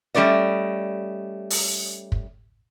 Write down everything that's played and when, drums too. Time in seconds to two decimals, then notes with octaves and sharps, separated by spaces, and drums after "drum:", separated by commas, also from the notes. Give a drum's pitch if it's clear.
0.14 G3 A3 C#4 D5 D#5
1.50 drum: open hi-hat
2.12 drum: kick